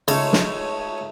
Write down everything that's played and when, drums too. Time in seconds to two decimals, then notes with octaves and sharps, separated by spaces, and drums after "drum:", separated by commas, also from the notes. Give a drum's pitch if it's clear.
0.08 C#3 G#3 A3 D#4 C#5, drum: cymbal
0.33 drum: snare